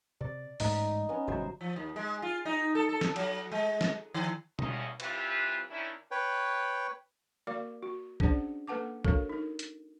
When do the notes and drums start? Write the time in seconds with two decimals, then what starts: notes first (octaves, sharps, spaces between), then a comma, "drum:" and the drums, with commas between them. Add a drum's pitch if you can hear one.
0.21 C3 D5
0.60 A1 G#2 G#3 D#4, drum: open hi-hat
1.09 B3 C#4 A#5
1.27 G1 B2 F#3 C5 E5
1.61 F3
1.76 D#2
1.96 G#3
2.22 F4
2.45 D#4
2.75 A4
2.89 A4
3.01 drum: snare
3.16 F#3, drum: cymbal
3.51 G#3
3.81 drum: snare
4.14 D#3
4.59 E2 G2 A#3 C#4 E4 D#5, drum: tom B2
5.00 E3 G3 C4 F4 G4 B4, drum: cymbal
5.70 D#3 C#4 D4 E4
6.11 B4 C#5 G5
7.47 A#3 F#4 A#4 D5 F5 D6
7.83 F#4
8.20 C#4 D4 G#4 C5 D5 F#5, drum: kick B1
8.68 A#3 A4 B4 F#5 A5 D6
9.05 D4 F#4 A4 A#4 C#5 F5, drum: kick B1
9.29 D#4 A#4
9.59 drum: hi-hat